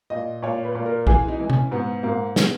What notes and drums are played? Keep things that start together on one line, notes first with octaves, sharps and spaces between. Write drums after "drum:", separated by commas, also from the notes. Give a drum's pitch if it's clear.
A#2 D#5
A#2 C#5
B4
A#2
A#4
E3 G#4, drum: kick B1
D#4
E3
C#4, drum: tom C3
G#2 B3
G#2 A#3
B3, drum: snare